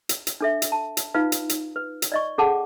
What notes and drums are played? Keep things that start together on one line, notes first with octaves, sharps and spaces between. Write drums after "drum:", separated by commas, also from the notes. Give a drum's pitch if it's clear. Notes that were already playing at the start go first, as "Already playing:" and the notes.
drum: hi-hat
drum: hi-hat
D4 A4 E5
drum: hi-hat
A5
drum: hi-hat
D#4 F4 B4 F5
drum: hi-hat
drum: hi-hat
B4
drum: hi-hat
D5 D#5 C#6
C#4 G#4 A4 F#5 A5 D6